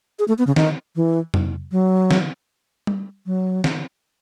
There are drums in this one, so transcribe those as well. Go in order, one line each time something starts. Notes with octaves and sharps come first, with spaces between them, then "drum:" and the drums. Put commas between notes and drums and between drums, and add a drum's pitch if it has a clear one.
G#4
A3
B3
C#3
D#3, drum: snare
E3
drum: tom
F#3
drum: snare
drum: tom G3
F#3
drum: snare